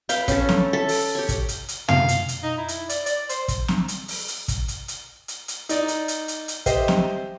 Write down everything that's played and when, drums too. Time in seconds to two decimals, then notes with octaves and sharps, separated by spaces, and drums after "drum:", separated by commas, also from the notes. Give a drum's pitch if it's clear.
0.09 B4 E5 F5 G5, drum: hi-hat
0.28 C#4 A4, drum: kick, hi-hat
0.49 drum: snare
0.73 A4 E5
0.89 drum: open hi-hat
1.15 G4 C#5
1.29 drum: kick, hi-hat
1.49 drum: hi-hat
1.68 drum: hi-hat
1.88 F5, drum: tom
2.08 drum: hi-hat
2.28 drum: hi-hat
2.43 D#4
2.58 E4
2.68 drum: hi-hat
2.89 D5, drum: hi-hat
3.06 D5, drum: hi-hat
3.29 C5, drum: hi-hat
3.48 drum: kick, hi-hat
3.68 drum: snare
3.88 drum: hi-hat
4.08 drum: open hi-hat
4.28 drum: hi-hat
4.48 drum: kick, hi-hat
4.68 drum: hi-hat
4.88 drum: hi-hat
5.28 drum: hi-hat
5.48 drum: hi-hat
5.69 D#4 D5, drum: hi-hat
5.88 drum: hi-hat
6.08 drum: hi-hat
6.28 drum: hi-hat
6.48 drum: hi-hat
6.66 G4 C5 D#5 E5 G5, drum: kick, hi-hat
6.88 drum: snare